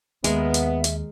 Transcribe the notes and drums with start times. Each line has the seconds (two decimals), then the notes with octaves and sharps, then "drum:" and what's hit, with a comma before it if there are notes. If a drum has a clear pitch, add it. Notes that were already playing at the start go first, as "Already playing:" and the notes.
0.24 D#2 G#3 B3 A#4 E5, drum: hi-hat
0.54 drum: hi-hat
0.84 drum: hi-hat